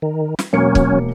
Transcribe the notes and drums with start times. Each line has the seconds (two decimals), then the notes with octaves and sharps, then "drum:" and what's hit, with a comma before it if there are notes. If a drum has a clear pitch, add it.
0.02 D#3
0.39 drum: snare
0.53 E1 F#3 A#3 C#4 C#7
0.75 drum: kick C#1